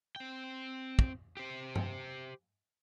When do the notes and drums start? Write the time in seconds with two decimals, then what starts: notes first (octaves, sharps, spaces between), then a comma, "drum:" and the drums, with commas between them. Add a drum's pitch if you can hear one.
0.16 C4 G5
0.99 drum: kick
1.37 G4 C5
1.76 drum: tom G2